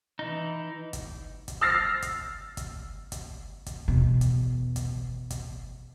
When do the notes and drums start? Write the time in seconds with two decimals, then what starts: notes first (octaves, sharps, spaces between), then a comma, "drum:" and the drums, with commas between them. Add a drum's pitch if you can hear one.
0.19 E3 D#4
0.93 drum: kick, hi-hat
1.48 drum: kick, hi-hat
1.61 E6 F6 A6 A#6 C7
2.02 drum: kick, hi-hat
2.57 drum: kick, hi-hat
3.12 drum: kick, hi-hat
3.66 drum: kick, hi-hat
3.88 E2 B2
4.21 drum: kick, hi-hat
4.76 drum: kick, hi-hat
5.30 drum: kick, hi-hat